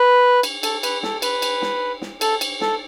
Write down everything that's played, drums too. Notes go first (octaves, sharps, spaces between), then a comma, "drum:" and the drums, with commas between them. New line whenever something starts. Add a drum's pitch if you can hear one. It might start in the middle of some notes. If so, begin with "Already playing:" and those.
Already playing: B4
drum: cymbal
A4, drum: cymbal
B4, drum: cymbal
A4, drum: snare
B4, drum: cymbal
drum: cymbal
drum: snare
drum: snare
A4, drum: cymbal
drum: cymbal
A4, drum: snare